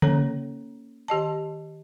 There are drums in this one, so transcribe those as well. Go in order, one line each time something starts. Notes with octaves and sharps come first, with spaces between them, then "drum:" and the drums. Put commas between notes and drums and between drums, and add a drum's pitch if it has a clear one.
A#3 C#4 A4 C#5 A#5, drum: tom C#3
D#3 G4 D#5 A5